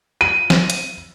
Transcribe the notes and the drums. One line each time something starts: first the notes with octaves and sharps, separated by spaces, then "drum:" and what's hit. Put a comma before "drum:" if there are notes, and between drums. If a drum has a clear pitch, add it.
D#7
drum: snare
drum: hi-hat